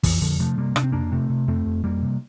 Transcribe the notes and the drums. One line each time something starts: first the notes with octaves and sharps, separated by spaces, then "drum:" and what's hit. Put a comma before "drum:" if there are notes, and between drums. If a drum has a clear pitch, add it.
F2 E3, drum: kick, open hi-hat
F2 D3 F3
C3 F3 A3
C3 G3 A#3
C3 D4, drum: rim click
C4
F2 A#3 D4
C3 A3 C4
C3
F2 A3 C4
F2
F2 G3 A#3
C3